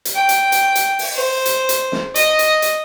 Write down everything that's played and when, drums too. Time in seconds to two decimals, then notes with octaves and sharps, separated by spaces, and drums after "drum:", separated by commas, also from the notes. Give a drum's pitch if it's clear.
0.05 drum: hi-hat
0.15 G5
0.29 drum: hi-hat
0.52 drum: hi-hat
0.75 drum: hi-hat
0.99 drum: open hi-hat
1.15 C5
1.45 drum: hi-hat
1.69 drum: hi-hat
1.92 drum: snare
2.15 D#5, drum: hi-hat
2.39 drum: hi-hat
2.62 drum: hi-hat